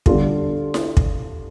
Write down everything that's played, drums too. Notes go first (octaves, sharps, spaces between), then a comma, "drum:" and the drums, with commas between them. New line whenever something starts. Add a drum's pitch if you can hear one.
D3 G3 D4 F4 A4, drum: kick
drum: snare E4
drum: kick